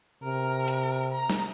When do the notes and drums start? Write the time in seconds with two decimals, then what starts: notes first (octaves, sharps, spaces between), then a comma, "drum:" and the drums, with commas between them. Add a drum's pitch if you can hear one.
0.23 C3 A#4
0.68 drum: hi-hat
1.12 A#5
1.30 drum: snare